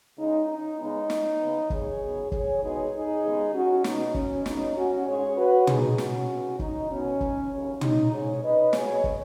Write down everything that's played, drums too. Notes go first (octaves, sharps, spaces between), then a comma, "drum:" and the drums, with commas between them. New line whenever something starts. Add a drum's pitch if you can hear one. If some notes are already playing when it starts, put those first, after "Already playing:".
C#3 G#3 C#4 D#4
D#4
C#3 G#3 B3 D#4
drum: snare
C#3 B3
G#4 C#5, drum: kick
F#2 C#3 B3
G#4 C#5, drum: kick
B2 G#3 B3 D#4 G#4
D#4 G#4
D#2 C#3 G#3 B3
C#4 F#4
B2 B3 D#4, drum: snare
C#4, drum: kick
F#2 C#3 F#3 B3 D#4, drum: snare
C#4 F#4
G#2 G#3 C#4 G#4 C#5
F#4 B4
B2 B3 D#4 G#4, drum: tom
C#4 F#4, drum: snare
C#3 B3
D#4, drum: kick
B2 B3 C#4
drum: kick
D#2 C#3 F#3 C#4
D#4, drum: tom
G#2 G#3 C#4 G#4 C#5
B4 D#5
C#3 F#3 B3 G#4 C#5, drum: snare
drum: kick